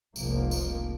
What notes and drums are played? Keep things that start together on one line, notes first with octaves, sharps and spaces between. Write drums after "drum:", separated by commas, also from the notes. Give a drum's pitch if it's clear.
F1 C2 G#2 F3 A#3, drum: tambourine
drum: tambourine